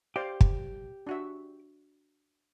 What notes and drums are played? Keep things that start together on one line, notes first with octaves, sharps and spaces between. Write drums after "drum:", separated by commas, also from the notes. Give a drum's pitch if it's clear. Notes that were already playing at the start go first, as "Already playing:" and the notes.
G4 C5 D5 F5
drum: kick
D4 F#4 E5